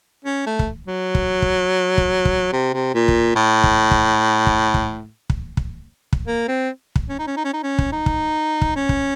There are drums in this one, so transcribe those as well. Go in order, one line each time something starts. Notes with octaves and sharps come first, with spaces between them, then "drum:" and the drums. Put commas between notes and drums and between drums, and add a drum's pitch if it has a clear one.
C#4
A3
drum: kick
F#3
drum: kick
drum: kick
drum: kick
drum: kick
C3
C3
A#2
drum: kick
A2
drum: kick
drum: kick
drum: kick
drum: kick
drum: kick
drum: kick
drum: kick
A#3
C4
drum: kick
C#4
D#4
C#4
D#4
C#4
D#4
C#4
drum: kick
D#4
drum: kick
drum: kick
C#4
drum: kick